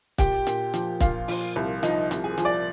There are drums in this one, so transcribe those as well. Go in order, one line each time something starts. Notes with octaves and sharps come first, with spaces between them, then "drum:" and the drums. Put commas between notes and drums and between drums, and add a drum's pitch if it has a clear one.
A#2 G4 G5, drum: kick, hi-hat
A#2, drum: hi-hat
F3, drum: hi-hat
A#2 F4 F5, drum: kick, hi-hat
F3, drum: open hi-hat
C2
F3 D#4 D#5, drum: hi-hat
C2, drum: hi-hat
G#4 G#5
F3, drum: hi-hat
D5 D6